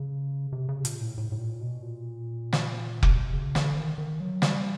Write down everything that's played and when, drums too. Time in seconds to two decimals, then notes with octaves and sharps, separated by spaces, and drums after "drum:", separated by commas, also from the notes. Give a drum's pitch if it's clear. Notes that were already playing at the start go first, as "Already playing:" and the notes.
Already playing: C#3
0.52 C3
0.69 C#3
0.85 A#2, drum: hi-hat
1.01 A2
1.18 A2
1.32 A2
1.39 A#2
1.60 B2
1.82 A#2
2.53 drum: snare
3.03 C3, drum: kick F1
3.12 B2
3.33 C#3
3.55 D3, drum: snare
3.77 D#3
3.98 D#3
4.20 F#3
4.42 G3, drum: snare